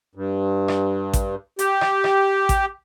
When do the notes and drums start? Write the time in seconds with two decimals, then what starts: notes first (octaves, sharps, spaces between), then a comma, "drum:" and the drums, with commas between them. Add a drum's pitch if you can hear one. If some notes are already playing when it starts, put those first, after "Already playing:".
0.15 G2
0.68 drum: rim click
1.13 drum: kick A1, hi-hat
1.59 G4, drum: hi-hat
1.81 drum: rim click
2.04 drum: rim click
2.49 drum: kick A1, hi-hat